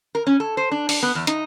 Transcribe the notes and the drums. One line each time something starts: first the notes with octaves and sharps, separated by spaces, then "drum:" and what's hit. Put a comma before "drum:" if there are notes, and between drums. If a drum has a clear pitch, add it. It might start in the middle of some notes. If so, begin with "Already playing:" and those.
A#4
C#4
A4
C5
D4
D5, drum: open hi-hat
B3
E2
D#4, drum: hi-hat